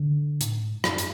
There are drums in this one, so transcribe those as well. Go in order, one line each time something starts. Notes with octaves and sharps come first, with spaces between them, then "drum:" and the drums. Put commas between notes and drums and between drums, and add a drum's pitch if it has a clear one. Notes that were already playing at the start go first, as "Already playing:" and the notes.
Already playing: D3
A2, drum: hi-hat
G#2
F#2, drum: rim click
drum: hi-hat